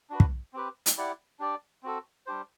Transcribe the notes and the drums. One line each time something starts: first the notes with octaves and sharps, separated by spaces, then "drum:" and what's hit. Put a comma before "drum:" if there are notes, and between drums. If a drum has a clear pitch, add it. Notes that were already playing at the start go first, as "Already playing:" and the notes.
D4 F#4 B4
drum: kick
C4 G4 B4
drum: hi-hat
E4 G4 D5 F#5
D4 G4 D5
C4 F#4 A4
G3 D4 G4 C5